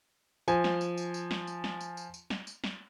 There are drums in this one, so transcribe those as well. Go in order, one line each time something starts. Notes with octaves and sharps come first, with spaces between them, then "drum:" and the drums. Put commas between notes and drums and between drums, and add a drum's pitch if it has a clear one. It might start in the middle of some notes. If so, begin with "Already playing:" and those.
F3 G#5, drum: tambourine
drum: snare
drum: tambourine
drum: tambourine
drum: tambourine
drum: snare
drum: tambourine
drum: snare
drum: tambourine
drum: tambourine
drum: tambourine
drum: snare
drum: tambourine
drum: snare